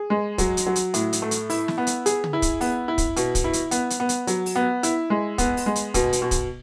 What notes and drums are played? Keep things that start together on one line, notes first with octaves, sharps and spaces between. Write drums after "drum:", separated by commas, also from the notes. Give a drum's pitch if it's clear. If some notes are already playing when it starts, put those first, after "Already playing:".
Already playing: G#4
G#3
F#3, drum: kick, hi-hat
drum: hi-hat
F#3
drum: hi-hat
A2, drum: hi-hat
drum: hi-hat
A3
drum: hi-hat
E4, drum: open hi-hat
drum: snare
B3
drum: hi-hat
G#4, drum: hi-hat
drum: tom
E4
drum: kick, hi-hat
B3, drum: open hi-hat
E4
drum: kick, hi-hat
B2, drum: hi-hat
drum: kick, hi-hat
E4
drum: hi-hat
B3, drum: hi-hat
drum: hi-hat
B3
drum: hi-hat
F#3, drum: hi-hat
drum: open hi-hat
B3
E4, drum: hi-hat
G#3
B3, drum: kick, hi-hat
drum: open hi-hat
G#3
drum: hi-hat
B2, drum: kick, hi-hat
drum: hi-hat
B2
drum: kick, hi-hat